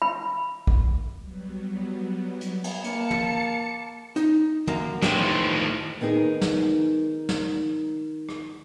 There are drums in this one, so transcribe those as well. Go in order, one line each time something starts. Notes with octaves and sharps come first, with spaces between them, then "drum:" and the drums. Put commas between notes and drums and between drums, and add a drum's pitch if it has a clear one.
B5
drum: kick
F#3 G3 B3
drum: hi-hat
drum: cymbal
A#3 A5 C#7, drum: hi-hat
drum: tom
D#4, drum: hi-hat
F#2 A#3 A#5, drum: tom
D#2 A2 E3 F3 D4, drum: snare
D#3 B3 D#4 G#4
drum: snare
drum: snare
drum: rim click